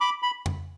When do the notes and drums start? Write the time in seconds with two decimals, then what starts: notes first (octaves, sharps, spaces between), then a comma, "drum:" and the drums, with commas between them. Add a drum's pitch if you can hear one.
0.01 B5 D6
0.23 B5
0.46 drum: tom F2